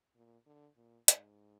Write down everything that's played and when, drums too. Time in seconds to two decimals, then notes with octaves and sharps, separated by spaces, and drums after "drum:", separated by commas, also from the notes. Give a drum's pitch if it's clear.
0.15 A#2
0.46 D3
0.77 A#2
1.08 G#2, drum: hi-hat